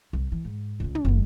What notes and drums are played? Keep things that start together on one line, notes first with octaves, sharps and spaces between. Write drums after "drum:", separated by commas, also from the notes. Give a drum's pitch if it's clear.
C2
E3
G#2
C#2 C3
drum: tom
F#1 D#3